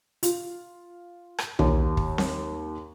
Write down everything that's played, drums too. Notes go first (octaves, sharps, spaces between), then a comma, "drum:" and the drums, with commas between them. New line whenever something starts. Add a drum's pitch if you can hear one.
F4, drum: hi-hat
drum: rim click
D#2, drum: tom B1
drum: kick
drum: snare C4